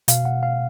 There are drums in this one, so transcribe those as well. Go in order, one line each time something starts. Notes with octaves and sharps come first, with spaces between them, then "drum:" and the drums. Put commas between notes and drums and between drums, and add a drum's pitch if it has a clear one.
B2 F5, drum: hi-hat
F#5
F5